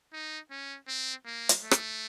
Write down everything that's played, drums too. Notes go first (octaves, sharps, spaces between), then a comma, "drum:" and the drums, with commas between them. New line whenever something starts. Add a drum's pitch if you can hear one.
D#4
C#4
C4
A#3
drum: hi-hat
A3
drum: rim click